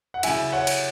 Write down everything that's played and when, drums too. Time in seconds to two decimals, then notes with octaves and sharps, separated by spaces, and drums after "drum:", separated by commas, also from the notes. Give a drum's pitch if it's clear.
0.14 F#5
0.23 C#3 F#3 E4 E5 G#5, drum: cymbal
0.52 C#5 F#5
0.67 drum: cymbal